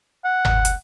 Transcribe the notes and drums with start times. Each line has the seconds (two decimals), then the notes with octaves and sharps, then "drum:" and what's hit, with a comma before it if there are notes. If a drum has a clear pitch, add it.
0.25 F#5
0.45 drum: tom G1
0.65 drum: hi-hat